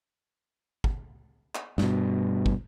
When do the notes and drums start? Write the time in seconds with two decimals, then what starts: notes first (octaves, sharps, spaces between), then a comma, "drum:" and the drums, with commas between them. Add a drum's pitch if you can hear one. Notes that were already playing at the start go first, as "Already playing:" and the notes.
0.84 drum: kick
1.55 drum: clap
1.78 G2 B2, drum: snare
2.46 drum: kick